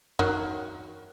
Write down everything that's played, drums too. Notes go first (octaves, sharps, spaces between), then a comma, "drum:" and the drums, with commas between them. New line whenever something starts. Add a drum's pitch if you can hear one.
D#3 F#3, drum: tom